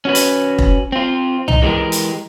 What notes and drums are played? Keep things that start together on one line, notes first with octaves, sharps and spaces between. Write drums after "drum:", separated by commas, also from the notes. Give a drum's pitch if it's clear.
C#4 F#4 B4
drum: hi-hat
drum: kick E1
C4 F4
D#4, drum: tom C2
E3 G#3 A#3 D4 G4 A#4
drum: hi-hat